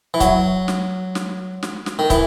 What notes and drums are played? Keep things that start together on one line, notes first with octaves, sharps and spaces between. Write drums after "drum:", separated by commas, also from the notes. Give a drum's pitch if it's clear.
E3
F#3, drum: kick, hi-hat
drum: snare
drum: snare
drum: snare
drum: snare
D#3
E3, drum: kick, hi-hat